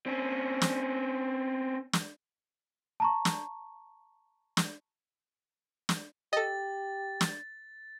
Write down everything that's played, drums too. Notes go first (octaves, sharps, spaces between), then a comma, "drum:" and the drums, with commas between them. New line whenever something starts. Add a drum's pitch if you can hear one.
C4 C#4
drum: snare
drum: snare
A5 A#5 C#6
drum: snare
drum: snare
drum: snare
G4 A4 D#5 A6
drum: snare